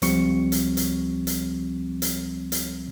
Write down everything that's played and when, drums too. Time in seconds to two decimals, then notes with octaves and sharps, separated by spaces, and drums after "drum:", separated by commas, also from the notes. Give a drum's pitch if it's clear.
0.02 C#2 F3 G3 C4 C#6 C#7, drum: hi-hat
0.52 drum: hi-hat
0.77 drum: hi-hat
1.27 drum: hi-hat
2.02 drum: hi-hat
2.52 drum: hi-hat